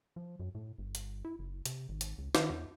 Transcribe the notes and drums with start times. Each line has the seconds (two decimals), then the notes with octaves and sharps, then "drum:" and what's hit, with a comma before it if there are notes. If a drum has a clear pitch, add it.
0.16 F3
0.40 F#2
0.55 A2
0.78 G1
0.95 drum: hi-hat
1.25 E4
1.39 F#1
1.65 C3, drum: hi-hat
1.89 G#1
2.01 drum: hi-hat
2.18 C#2
2.35 D#3, drum: snare
2.50 E2